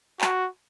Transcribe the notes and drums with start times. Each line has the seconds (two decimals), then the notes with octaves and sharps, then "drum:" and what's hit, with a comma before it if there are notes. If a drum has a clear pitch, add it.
0.21 F#4, drum: clap